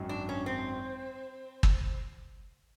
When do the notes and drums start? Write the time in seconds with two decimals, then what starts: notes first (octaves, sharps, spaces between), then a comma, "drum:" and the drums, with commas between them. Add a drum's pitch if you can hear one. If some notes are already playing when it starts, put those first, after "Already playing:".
Already playing: G#1 F#2 D#3 F#3
0.09 D4
0.29 C#4
0.46 C4
1.63 drum: kick